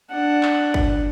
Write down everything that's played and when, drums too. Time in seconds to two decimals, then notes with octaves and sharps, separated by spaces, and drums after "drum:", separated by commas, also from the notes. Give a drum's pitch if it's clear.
0.11 D4 F#5
0.43 drum: clap
0.74 drum: kick